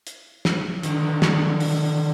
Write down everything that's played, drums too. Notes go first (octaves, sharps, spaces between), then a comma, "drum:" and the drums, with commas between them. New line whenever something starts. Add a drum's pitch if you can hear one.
drum: hi-hat
drum: snare
D3 D#3, drum: hi-hat
drum: snare
drum: open hi-hat